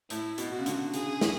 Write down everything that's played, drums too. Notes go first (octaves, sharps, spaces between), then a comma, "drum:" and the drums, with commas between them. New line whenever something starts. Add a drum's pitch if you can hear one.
A2 E4, drum: hi-hat
B2, drum: hi-hat
F#4
C#3
D3, drum: hi-hat
C#3 G#4, drum: hi-hat
drum: snare